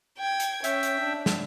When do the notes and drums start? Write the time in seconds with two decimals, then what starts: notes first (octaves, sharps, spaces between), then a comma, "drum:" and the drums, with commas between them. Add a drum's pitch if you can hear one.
0.18 G5 G#6
0.40 drum: hi-hat
0.64 C#4 E5 G5, drum: hi-hat
0.83 drum: hi-hat
1.01 D4
1.26 drum: snare